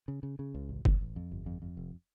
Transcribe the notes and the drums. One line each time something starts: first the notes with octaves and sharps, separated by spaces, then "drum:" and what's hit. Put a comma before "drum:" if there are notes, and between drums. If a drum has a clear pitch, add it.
C#3
C#3
C#3
C#2
A1
A1, drum: kick F#1
A1
F2
G1
F2
F2
F1